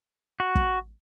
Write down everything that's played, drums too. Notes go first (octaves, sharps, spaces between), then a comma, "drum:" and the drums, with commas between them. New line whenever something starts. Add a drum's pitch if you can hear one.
F#4
drum: kick